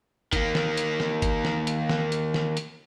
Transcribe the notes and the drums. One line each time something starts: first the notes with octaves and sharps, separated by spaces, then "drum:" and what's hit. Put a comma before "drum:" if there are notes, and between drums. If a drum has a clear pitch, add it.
D#3 A#3, drum: kick G1, hi-hat
drum: snare
drum: hi-hat
drum: snare
drum: kick G1, hi-hat
drum: snare
drum: hi-hat
drum: snare
drum: hi-hat
drum: snare
drum: hi-hat